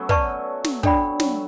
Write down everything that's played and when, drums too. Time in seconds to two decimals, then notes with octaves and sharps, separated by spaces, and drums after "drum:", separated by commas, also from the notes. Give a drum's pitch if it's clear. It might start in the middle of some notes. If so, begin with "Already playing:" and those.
Already playing: F#3 A3 B3 C#4
0.09 B4 D5 A5 C#6, drum: kick
0.64 drum: snare
0.83 D4 A4 D5 G5 B5, drum: kick
1.20 F#3, drum: snare